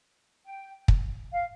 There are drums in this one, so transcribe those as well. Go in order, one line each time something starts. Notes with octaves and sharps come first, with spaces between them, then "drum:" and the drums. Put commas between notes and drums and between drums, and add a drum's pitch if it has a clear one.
G5
drum: kick
F5